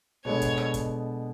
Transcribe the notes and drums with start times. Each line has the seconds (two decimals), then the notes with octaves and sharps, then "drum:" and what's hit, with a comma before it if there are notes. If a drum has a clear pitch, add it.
0.25 B2 G#3 B3 D4 A4 C#5
0.42 drum: kick G1, hi-hat
0.58 drum: rim click
0.74 drum: kick G1, hi-hat